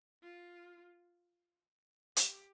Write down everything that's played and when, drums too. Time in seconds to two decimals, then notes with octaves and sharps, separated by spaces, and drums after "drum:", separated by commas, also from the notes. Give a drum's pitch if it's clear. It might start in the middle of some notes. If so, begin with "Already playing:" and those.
0.22 F4
2.16 G4, drum: hi-hat